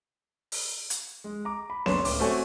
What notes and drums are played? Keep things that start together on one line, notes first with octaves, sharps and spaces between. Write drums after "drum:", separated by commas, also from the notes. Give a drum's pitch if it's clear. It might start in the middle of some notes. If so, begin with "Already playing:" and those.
drum: open hi-hat
drum: hi-hat
G#3
A#5 D6
B5
F#1 D4 B4 C#5 C6 E7, drum: snare B3
D1 D6, drum: open hi-hat
A3 C4 F#4 A4 C#5 G#5